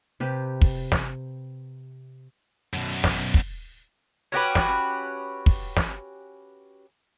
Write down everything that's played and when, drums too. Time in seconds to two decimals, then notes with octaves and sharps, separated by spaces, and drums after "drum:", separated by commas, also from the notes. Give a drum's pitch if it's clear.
0.20 C3 G4 B4
0.61 drum: kick
0.92 drum: snare
2.74 F#2 B2
3.04 drum: snare
3.34 drum: kick
4.32 C#4 F#4 G4 B4
4.55 drum: snare
5.46 drum: kick
5.77 drum: snare